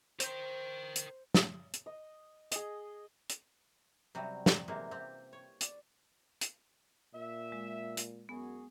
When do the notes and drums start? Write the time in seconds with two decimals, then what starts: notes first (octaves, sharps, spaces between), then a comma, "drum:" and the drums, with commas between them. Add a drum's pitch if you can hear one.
0.20 A#4 C5 G5, drum: hi-hat
0.96 drum: hi-hat
1.35 drum: snare
1.73 drum: hi-hat
1.86 D#5
2.51 G#4 D#5, drum: hi-hat
3.29 drum: hi-hat
4.15 C3 F#3 G3
4.46 drum: snare
4.68 C3 E3 F#3 G#3 A#3
4.91 C3 C4 G4
5.33 C#5
5.61 D5, drum: hi-hat
6.41 drum: hi-hat
7.15 A#2 E5
7.52 G#3
7.97 drum: hi-hat
8.29 F#2 B3 F#4 G#4